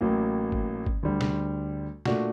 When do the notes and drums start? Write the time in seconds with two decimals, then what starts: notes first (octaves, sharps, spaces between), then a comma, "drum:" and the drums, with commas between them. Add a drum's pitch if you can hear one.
0.01 A1 A2 F#3 A#3
0.52 drum: kick G#1
0.86 drum: kick G#1
1.03 D2 D3 G3
1.21 drum: snare
2.05 A#2 A3 D4 F#4, drum: snare